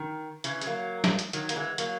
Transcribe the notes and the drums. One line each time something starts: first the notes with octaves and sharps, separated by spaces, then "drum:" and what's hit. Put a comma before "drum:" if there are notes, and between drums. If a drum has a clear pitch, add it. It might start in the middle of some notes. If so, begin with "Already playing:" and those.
Already playing: D#3
C#3 E3, drum: hi-hat
G#3, drum: hi-hat
F#3 A#3
drum: snare
drum: hi-hat
D#3 F#3, drum: hi-hat
A#3, drum: hi-hat
E3 G#3
F#3 A#3, drum: hi-hat